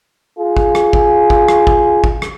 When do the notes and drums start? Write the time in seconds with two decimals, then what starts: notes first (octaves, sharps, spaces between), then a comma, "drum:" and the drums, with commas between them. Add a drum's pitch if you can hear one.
0.38 F4 G#4
0.57 drum: kick G#1
0.75 drum: rim click
0.93 drum: kick G#1
1.30 drum: kick G#1
1.48 drum: rim click
1.67 drum: kick G#1
2.04 drum: kick G#1
2.22 drum: rim click